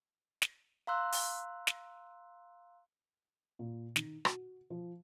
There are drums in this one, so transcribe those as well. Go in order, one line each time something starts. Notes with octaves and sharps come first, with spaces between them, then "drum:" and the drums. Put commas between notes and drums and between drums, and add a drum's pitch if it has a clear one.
drum: snare
F5 A#5 C6 E6 F#6
drum: open hi-hat
drum: snare
A#2
D#3, drum: snare
F#4, drum: rim click
F3